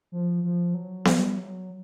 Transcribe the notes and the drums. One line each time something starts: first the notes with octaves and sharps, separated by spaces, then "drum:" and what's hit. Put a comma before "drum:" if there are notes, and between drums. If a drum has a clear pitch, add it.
F3
F3
F#3
G3, drum: snare B3
F#3